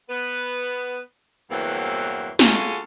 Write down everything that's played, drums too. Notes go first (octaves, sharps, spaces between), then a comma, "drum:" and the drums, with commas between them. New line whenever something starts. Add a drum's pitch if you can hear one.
B3 B4
E2 G2 E3 F#3 A#3 C4
C#3 C#4 F4 F#4 G#4 A4, drum: snare